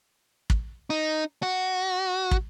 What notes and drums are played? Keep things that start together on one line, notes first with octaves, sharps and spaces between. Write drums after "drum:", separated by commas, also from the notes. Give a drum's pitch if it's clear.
drum: kick
D#4
F#4
drum: kick